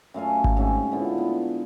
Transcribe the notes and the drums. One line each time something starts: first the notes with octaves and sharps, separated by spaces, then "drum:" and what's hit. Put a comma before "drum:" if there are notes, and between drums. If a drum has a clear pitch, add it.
F#2 A3 F5 G#5
drum: kick G#1
G#2 C3 C#4 E5
A2 D3 B3 F4
B3